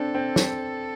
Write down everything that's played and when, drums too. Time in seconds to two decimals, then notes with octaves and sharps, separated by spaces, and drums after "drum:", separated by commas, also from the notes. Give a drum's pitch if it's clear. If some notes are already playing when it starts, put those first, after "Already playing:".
Already playing: C4 D4 A4
0.15 C4
0.36 drum: snare